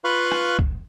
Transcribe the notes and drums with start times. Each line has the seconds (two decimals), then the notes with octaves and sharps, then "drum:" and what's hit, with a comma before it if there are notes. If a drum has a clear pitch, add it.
0.04 F4 B4 F5 B5 C#6 F#6
0.32 drum: rim click
0.59 drum: kick